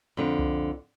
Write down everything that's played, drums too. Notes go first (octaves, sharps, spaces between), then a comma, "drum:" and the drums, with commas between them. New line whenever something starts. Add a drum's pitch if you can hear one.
F2 D3
drum: tom C2